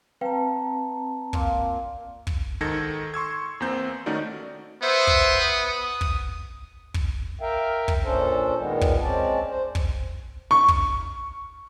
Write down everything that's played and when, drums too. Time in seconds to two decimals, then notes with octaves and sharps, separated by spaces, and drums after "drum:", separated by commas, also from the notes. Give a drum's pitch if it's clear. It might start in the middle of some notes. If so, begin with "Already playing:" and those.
0.21 C4 B4 F5 G5 A5 A#5
1.33 A#2 F4, drum: kick
2.27 drum: kick
2.61 G#2 D#3 A4 G#6 A#6 C#7
3.14 C6 C#6 E6 G#6
3.60 E2 A#3 C4 G6
4.06 D#3 A3 C#4 D#4 F#4 D5
4.83 B3 C5 E5
5.07 drum: kick
5.41 D#6
6.01 drum: kick
6.94 drum: kick
7.41 A#4 E5 F5 G5
7.88 drum: kick
8.04 A#2 C#4 D4 A4 C5
8.58 A#2 D#3 G#3 B3
8.81 drum: kick
9.02 G#3 C4 C#4 D5 A5
9.49 C5
9.75 drum: kick
10.51 C#6
10.68 drum: kick